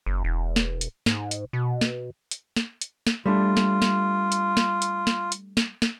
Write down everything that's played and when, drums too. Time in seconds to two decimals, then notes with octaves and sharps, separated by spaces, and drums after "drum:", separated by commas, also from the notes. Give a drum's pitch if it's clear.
0.06 F#1
0.24 E1
0.56 drum: snare
0.81 drum: hi-hat
1.06 G#2, drum: snare
1.31 drum: hi-hat
1.53 B2
1.81 drum: snare
2.31 drum: hi-hat
2.56 drum: snare
2.82 drum: hi-hat
3.07 drum: snare
3.26 G3 A3 D4 F4
3.57 drum: snare
3.82 drum: snare
4.32 drum: hi-hat
4.57 drum: snare
4.82 drum: hi-hat
5.07 drum: snare
5.32 drum: hi-hat
5.57 drum: snare
5.82 drum: snare